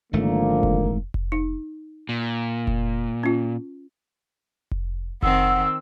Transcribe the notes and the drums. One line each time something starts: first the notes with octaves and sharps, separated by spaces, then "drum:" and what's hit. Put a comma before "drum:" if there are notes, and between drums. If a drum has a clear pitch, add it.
G#1 G#2 D3 F3 A3 A#3
drum: kick F1
drum: kick F1
D#4
A#2
drum: kick F1
C#4 F4
drum: kick F1
D#3 C4 F#5 E6, drum: kick F1